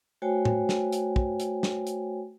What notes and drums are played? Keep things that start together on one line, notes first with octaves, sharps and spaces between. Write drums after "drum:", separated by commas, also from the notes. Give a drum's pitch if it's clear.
A3 F#4 C5 C#5 G5 G#5
drum: tom A2
drum: snare
drum: hi-hat
drum: kick
drum: hi-hat
drum: snare
drum: hi-hat